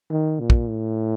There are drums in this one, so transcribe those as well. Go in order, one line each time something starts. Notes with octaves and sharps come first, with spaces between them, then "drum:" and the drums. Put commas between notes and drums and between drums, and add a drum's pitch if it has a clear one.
D#3
A#2
drum: kick
A2